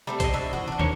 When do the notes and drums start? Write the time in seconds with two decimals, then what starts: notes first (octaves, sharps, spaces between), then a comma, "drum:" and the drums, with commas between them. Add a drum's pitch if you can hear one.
0.07 G3 A3 C4
0.20 C5 D#5, drum: kick B1, hi-hat
0.33 B2 D4 E5
0.53 C#3 E3 F#4
0.68 D4 F#5
0.79 D#2 A#3 D4 C#5